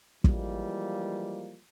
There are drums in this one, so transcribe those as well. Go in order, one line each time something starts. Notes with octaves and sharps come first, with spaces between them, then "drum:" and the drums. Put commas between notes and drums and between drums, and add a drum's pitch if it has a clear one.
E3 F3 G3 G#3 A#3, drum: kick